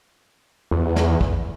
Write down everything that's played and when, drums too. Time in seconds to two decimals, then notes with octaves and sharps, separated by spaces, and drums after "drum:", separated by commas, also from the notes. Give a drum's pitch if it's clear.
0.71 E2
0.96 drum: snare
1.21 drum: kick